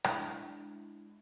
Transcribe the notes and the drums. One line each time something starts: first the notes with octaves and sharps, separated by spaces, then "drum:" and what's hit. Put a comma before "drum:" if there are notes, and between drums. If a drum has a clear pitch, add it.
G#3 D4 E4, drum: rim click